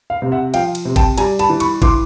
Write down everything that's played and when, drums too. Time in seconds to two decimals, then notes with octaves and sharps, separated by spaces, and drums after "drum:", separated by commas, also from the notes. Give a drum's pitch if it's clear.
0.10 F5
0.22 C3
0.32 E5 F#5
0.54 F3 F5 G5, drum: cymbal
0.75 drum: cymbal
0.85 C3
0.96 G5 A5, drum: kick G#1, cymbal
1.18 G3 G#5 A#5, drum: cymbal
1.39 A5 B5, drum: cymbal
1.49 E3
1.60 B5 C#6, drum: cymbal
1.82 E3 C6 D6, drum: kick G#1, cymbal